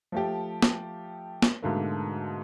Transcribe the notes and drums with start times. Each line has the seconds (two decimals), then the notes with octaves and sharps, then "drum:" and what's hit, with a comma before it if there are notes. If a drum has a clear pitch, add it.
0.12 F3 A3 G4
0.62 drum: snare
1.42 drum: snare
1.62 G#2 B2 D3 A3 A#3